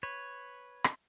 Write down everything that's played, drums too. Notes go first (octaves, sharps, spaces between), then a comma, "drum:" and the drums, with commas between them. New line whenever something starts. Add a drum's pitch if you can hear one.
B4 C#5
drum: rim click